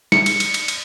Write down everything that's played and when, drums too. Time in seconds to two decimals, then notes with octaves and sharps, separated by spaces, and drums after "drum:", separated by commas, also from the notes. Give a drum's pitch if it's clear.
0.12 C#7, drum: snare
0.26 drum: cymbal
0.40 drum: cymbal
0.54 drum: cymbal
0.68 drum: cymbal